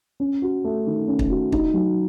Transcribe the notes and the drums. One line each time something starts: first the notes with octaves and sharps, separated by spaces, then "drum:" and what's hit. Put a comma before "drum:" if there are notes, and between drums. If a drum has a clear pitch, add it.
C#4
F#4
A3
D#3
C#4
drum: kick
F#4
D#4, drum: kick
F#3